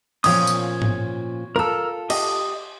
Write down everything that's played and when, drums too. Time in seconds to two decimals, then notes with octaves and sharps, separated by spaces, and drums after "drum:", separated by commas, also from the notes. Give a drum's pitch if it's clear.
0.24 A#2 F3 C#4 C#5 D#6, drum: cymbal
0.47 drum: tambourine
0.82 drum: tom G#2
1.56 F4 A4 A#4 E6
2.10 G4 D#5, drum: cymbal